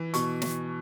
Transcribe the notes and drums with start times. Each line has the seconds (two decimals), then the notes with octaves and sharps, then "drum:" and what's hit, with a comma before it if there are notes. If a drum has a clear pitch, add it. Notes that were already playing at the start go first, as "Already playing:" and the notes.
Already playing: E3
0.14 B2 C#6, drum: hi-hat
0.42 drum: snare